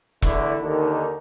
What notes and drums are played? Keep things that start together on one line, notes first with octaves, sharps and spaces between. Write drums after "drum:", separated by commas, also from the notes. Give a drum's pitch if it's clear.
E2 D3 A3 E4, drum: kick E1
D#2 D3 D#3